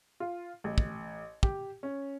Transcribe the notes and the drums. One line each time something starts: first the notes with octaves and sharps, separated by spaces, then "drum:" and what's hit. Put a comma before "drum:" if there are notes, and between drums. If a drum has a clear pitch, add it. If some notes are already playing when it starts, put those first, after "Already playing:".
F4
A1
drum: kick
G4, drum: kick
C#4